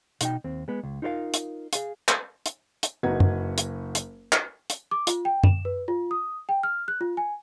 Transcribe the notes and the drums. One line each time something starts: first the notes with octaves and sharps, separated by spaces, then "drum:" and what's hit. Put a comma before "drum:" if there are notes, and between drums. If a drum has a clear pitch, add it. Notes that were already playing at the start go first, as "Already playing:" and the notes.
B2 D#4 G5, drum: hi-hat
D#2 C4
G#3 B3
C#2
D#4 F4 A#4 C5 F5
drum: hi-hat
G#4 F5, drum: hi-hat
drum: clap
drum: hi-hat
drum: hi-hat
F#1 D#4 F#4 B4 G#6
drum: tom F#2
drum: hi-hat
drum: hi-hat
drum: clap
drum: hi-hat
D6
F4, drum: hi-hat
G5
E7, drum: tom F#2
B4
F4
D#6
G5
F6
F#6
F4
G#5